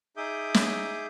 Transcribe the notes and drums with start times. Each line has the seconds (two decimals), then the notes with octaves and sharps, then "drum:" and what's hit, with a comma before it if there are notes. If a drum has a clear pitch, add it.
0.17 D#4 G#4 E5 D6 D#6 G6
0.54 drum: snare